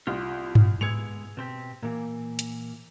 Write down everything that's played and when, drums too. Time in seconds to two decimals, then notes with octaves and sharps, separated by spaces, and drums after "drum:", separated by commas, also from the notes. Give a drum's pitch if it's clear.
0.07 C2 F4
0.55 drum: tom G2
0.81 G#3 B3 E4 G#6 C#7 F7
1.37 B2 C4 G4
1.83 A#2 E3 A#3
2.39 drum: hi-hat